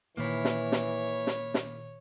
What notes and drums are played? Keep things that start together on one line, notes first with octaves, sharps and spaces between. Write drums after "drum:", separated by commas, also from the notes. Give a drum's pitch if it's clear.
A#2 D#3 E3 A#3 E4 C#5
drum: snare
drum: snare
drum: snare
drum: snare